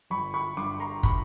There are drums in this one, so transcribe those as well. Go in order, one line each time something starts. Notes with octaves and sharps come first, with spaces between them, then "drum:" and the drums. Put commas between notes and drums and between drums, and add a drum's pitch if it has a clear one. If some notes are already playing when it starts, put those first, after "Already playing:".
G1 B5 C#6
B5 C#6
G2 C6 D6
A#5 C6
B5 C#6, drum: kick